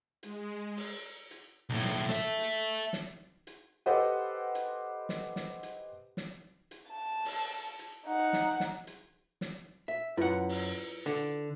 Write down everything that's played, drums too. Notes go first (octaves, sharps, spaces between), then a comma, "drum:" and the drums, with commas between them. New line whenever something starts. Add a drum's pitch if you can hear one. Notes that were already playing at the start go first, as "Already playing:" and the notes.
G#3, drum: hi-hat
drum: open hi-hat
drum: hi-hat
B1 A2
drum: snare
A4 E5, drum: snare
drum: hi-hat
drum: snare
drum: hi-hat
G4 A4 B4 C5 D#5 F#5
drum: hi-hat
drum: snare
drum: snare
drum: hi-hat
drum: snare
drum: hi-hat
A5
drum: open hi-hat
drum: hi-hat
D#4 F#5
drum: snare
drum: snare
drum: hi-hat
drum: snare
E5
F#2 E4 F4 B4 F#5
drum: open hi-hat
D3, drum: hi-hat